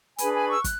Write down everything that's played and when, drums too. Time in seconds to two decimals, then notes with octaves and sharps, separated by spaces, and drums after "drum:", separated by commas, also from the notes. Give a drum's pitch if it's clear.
0.18 D4 G#4 B4 G#5 B5, drum: hi-hat
0.34 G#5 B5
0.49 C#6 E6
0.64 F#6, drum: kick, hi-hat